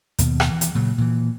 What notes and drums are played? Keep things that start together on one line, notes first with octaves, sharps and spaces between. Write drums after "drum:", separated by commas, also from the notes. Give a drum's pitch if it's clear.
D#2 B2, drum: hi-hat
drum: rim click
E3
drum: hi-hat
A#2 C#3 F#3
A#2 E3